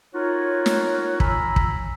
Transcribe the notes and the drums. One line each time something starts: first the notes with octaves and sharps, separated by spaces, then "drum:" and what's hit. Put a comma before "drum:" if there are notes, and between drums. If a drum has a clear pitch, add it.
D#4 F4 F#4 A#4 C#5
drum: snare
G#5 A#5 B5 E6, drum: kick
drum: kick